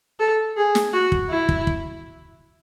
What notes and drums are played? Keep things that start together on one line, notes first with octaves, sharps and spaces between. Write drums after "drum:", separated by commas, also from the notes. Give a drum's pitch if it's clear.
A4
G#4
drum: snare
F#4
drum: kick
E4
drum: kick
drum: kick